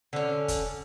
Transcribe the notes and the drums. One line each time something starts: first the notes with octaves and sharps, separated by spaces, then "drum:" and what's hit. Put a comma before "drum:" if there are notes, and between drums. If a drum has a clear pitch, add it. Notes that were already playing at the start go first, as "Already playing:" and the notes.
D3 C#4
drum: kick, hi-hat